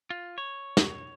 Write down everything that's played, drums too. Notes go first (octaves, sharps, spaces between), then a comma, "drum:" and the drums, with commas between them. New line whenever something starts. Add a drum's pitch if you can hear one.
F4
C#5
drum: snare